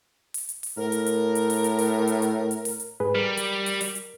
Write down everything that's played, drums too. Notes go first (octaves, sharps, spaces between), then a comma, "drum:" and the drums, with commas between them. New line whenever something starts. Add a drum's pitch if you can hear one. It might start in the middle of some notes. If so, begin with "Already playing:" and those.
drum: open hi-hat
drum: hi-hat
drum: open hi-hat
A2 A#4
drum: hi-hat
drum: hi-hat
drum: hi-hat
drum: open hi-hat
drum: hi-hat
drum: open hi-hat
drum: hi-hat
drum: hi-hat
drum: hi-hat
drum: open hi-hat
drum: hi-hat
G#2 G#4 B4
G3 A#4 F6
drum: hi-hat
drum: hi-hat
drum: open hi-hat
drum: hi-hat